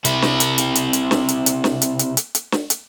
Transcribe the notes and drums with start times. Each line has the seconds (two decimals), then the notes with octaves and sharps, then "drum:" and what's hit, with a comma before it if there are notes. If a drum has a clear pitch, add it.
0.05 C3 E4, drum: hi-hat
0.22 drum: snare
0.40 drum: hi-hat
0.58 drum: hi-hat
0.75 drum: hi-hat
0.93 drum: hi-hat
1.11 drum: snare
1.28 drum: hi-hat
1.46 drum: hi-hat
1.64 drum: snare
1.82 drum: hi-hat
1.99 drum: hi-hat
2.17 drum: hi-hat
2.35 drum: hi-hat
2.52 drum: snare
2.70 drum: hi-hat